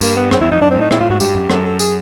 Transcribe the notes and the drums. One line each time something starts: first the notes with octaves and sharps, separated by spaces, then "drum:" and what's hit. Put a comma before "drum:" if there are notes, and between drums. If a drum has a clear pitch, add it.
G2 A#3, drum: tambourine
B3
F#2 C4, drum: rim click
E2 E4
F2 D#4
F#2 D4
C4
A2 D#4
A#2 E4, drum: rim click
A2 F4
G#2 F#4
G2 G4, drum: tambourine
F#2
F#2 A4, drum: rim click
A4
G#4, drum: tambourine